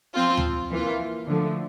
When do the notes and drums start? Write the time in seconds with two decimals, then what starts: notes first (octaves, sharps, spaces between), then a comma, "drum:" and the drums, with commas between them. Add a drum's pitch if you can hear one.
0.15 F3 C4 F4
0.37 drum: tom D2
0.71 E3 A#3 F4
1.27 D3 F3 A3